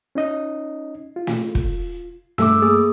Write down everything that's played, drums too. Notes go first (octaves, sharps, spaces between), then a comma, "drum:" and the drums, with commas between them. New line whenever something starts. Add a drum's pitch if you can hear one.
C#4 D#4 D#5
F4
drum: snare
drum: kick
G2 A3 D6 E6, drum: snare
A#3 G#4 D#6